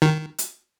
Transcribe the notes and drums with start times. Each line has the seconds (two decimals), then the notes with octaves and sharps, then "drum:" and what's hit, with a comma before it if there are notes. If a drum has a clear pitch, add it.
0.02 D#3
0.38 drum: hi-hat